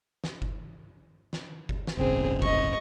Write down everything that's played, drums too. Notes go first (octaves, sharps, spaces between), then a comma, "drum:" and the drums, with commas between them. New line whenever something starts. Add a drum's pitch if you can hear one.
drum: snare
drum: kick F#1
drum: snare
drum: kick F#1
drum: snare
D1 G1 C#3 C4 G#4
D#5 C#6, drum: kick F#1